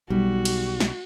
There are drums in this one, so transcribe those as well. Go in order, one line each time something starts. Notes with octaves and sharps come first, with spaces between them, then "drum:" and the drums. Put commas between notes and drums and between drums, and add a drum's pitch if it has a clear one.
B1 G3 F#4
drum: cymbal
drum: snare